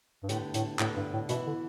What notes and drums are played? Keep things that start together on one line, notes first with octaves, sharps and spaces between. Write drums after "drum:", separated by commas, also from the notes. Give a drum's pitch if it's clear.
G2
D2 A2 D3 B3 G4, drum: hi-hat
A2, drum: hi-hat
D2 A2 D3 B3 G4, drum: clap
G2
A2
B2 E3 B3 E4, drum: hi-hat
D3